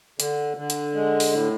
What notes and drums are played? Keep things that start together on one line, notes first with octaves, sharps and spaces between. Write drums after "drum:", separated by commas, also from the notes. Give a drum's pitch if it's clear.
D3, drum: hi-hat
D3
drum: hi-hat
G#3
drum: open hi-hat
A2